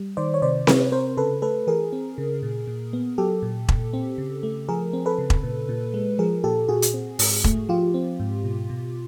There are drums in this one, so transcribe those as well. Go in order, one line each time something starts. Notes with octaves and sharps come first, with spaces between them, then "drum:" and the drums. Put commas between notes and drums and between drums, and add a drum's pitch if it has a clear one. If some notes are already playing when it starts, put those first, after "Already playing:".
Already playing: G3
D#3 C5 D5
C#5
C3 C5 D5
C3 B4 C#5, drum: snare C4
C4 A#4 C5
C#3 A4 B4
A3 A4 B4
E3 G#4 A#4
C4
C#3
A#2
A#2
B3
F#3 G4 A4
A#2
A#2, drum: kick E1
C4
C#3
A3
F3 G#4 A#4
C4
A4 B4
C#3
drum: kick E1
A#2
A#2
G#3
F3 G#4 A#4
A#2 G4 A4
A#2 F#4 G#4
drum: hi-hat
C4
G#2, drum: open hi-hat
A3, drum: kick E1
F3 F4 G4
C4
G#2
B2
B2